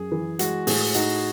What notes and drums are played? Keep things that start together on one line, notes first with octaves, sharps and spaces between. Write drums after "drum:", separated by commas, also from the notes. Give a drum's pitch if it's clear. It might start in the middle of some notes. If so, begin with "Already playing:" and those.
Already playing: F#2 G#4
E3
G#3 F#4, drum: hi-hat
A2 G#4, drum: open hi-hat
D#4 F#4, drum: hi-hat